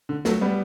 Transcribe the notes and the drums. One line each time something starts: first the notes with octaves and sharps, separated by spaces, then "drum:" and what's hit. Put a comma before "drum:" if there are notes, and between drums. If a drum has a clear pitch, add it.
D3
F#3 A3, drum: snare
G3 B3